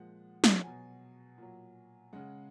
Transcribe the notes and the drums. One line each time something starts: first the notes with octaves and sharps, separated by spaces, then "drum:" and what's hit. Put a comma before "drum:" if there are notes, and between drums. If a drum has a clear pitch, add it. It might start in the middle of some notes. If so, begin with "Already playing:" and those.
Already playing: A#2 F3 G#3 F#5
drum: snare
B2 F#3 G#5
A#2 F#3
C#3 G#3 F#5